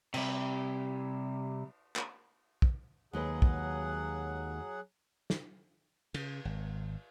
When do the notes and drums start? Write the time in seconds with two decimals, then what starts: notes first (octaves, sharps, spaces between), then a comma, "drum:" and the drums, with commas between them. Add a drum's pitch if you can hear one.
0.14 C3 G3, drum: cymbal
1.96 drum: clap
2.62 drum: kick
3.13 D#2 F#3 G#3 G#4 B4 F#5
3.42 drum: kick
5.30 drum: snare
6.14 C#3, drum: cymbal
6.45 G#1